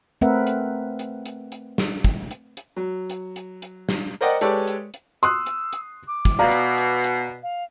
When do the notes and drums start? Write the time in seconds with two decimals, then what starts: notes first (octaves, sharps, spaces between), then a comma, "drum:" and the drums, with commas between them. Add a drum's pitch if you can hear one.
0.21 A3 C4 A#4 B4 E5 F#5
0.47 drum: hi-hat
0.99 drum: hi-hat
1.26 drum: hi-hat
1.52 drum: hi-hat
1.78 drum: snare
2.04 drum: kick, hi-hat
2.31 drum: hi-hat
2.57 drum: hi-hat
2.76 F#3
3.10 drum: hi-hat
3.36 drum: hi-hat
3.62 drum: hi-hat
3.89 drum: snare
4.21 A#4 C5 D5 D#5 F#5 G5
4.41 G#3 G4 A4 B4 C#5 D5, drum: hi-hat
4.67 drum: hi-hat
4.94 drum: hi-hat
5.23 C6 D#6 E6 F#6, drum: hi-hat
5.46 drum: hi-hat
5.73 drum: hi-hat
6.08 D6
6.25 drum: kick, hi-hat
6.39 B2 D5 F5 A#5
6.52 drum: hi-hat
6.78 drum: hi-hat
7.04 drum: hi-hat
7.43 F5